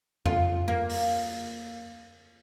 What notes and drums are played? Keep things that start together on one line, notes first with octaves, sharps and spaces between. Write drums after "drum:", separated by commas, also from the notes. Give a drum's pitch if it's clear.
F4, drum: tom F2
A#3
drum: open hi-hat